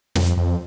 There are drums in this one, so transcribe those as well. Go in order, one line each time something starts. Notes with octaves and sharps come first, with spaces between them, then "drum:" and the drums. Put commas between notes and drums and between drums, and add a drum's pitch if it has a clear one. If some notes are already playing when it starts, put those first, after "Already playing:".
F2, drum: snare
F2